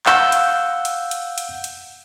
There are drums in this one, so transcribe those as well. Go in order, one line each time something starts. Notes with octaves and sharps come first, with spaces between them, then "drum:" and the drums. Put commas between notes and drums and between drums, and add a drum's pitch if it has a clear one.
F5 F#5 E6 G6, drum: clap
drum: hi-hat
drum: hi-hat
drum: hi-hat
drum: hi-hat
drum: hi-hat